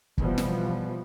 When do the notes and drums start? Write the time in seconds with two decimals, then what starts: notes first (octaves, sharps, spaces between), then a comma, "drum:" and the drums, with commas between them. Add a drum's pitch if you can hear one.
0.18 B2 E3 F3 G3 B3, drum: kick
0.38 drum: snare